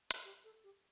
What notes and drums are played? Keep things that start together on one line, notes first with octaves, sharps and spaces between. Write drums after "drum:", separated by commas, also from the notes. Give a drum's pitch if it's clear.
drum: hi-hat
G4
A4
G4